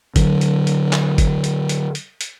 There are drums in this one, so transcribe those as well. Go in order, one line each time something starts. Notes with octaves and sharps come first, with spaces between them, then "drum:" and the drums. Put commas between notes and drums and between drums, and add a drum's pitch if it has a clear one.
D3 F#3, drum: kick F#1, hi-hat
drum: hi-hat
drum: hi-hat
drum: clap
drum: kick F#1, hi-hat
drum: hi-hat
drum: hi-hat
drum: hi-hat
drum: hi-hat